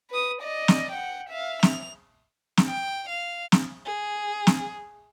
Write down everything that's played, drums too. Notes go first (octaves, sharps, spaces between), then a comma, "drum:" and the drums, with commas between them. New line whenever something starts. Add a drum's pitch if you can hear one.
B4 D#6
D5 D#5
drum: snare
F#5 G5
E5 F5
F7, drum: snare
drum: snare
G5
F5
drum: snare
G#4
drum: snare